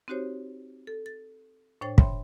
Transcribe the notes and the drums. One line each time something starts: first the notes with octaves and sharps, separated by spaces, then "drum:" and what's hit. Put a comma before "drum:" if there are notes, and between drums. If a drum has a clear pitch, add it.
C4 D#4 F#4 G4 C5 C#5
A4
A6
A2 D4 C5 C#5 G5 A6
C#5 E5 G5 B5 C6, drum: kick